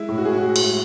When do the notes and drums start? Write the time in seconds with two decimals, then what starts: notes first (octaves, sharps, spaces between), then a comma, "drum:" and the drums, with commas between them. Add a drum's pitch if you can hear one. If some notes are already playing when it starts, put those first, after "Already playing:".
Already playing: G#3 E4
0.08 A2
0.18 F#4
0.25 G#4
0.33 A2 F#4
0.56 drum: cymbal
0.65 G#3